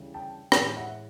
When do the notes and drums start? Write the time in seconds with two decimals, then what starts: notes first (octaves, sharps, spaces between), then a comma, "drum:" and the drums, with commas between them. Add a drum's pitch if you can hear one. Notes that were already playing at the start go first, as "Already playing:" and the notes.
Already playing: D2 C#3 E3 G3
0.14 G5 A5
0.52 A2 E3 G#3, drum: rim click
0.77 E5 F#5